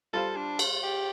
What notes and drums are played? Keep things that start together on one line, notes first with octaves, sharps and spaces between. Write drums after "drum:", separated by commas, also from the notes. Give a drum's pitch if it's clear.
G3 F4 A4 C5 F5
D4
drum: cymbal
G4